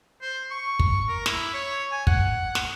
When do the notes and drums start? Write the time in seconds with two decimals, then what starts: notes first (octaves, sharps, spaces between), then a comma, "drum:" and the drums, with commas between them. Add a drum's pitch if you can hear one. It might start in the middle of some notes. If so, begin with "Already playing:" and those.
0.21 C5
0.51 C#6
0.80 drum: kick
1.09 A#4
1.26 E4, drum: snare
1.53 C#5
1.91 G#5
2.07 F#5, drum: kick
2.55 drum: snare